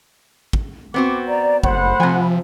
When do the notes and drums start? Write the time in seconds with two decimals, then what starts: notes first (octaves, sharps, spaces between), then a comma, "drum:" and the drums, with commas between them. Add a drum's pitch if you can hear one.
0.53 drum: kick
0.94 B3 C4 F#4 D6
1.27 D5 A#5
1.64 F#1 A3 C5 F#5 B5, drum: kick
2.00 C3 F3 G#5